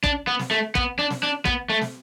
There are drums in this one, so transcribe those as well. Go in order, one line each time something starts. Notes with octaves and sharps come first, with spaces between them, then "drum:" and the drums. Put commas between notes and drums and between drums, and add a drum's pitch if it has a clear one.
D4, drum: kick
B3
drum: snare
A3
B3, drum: kick
D4
drum: snare
D4
B3, drum: kick
A3
drum: snare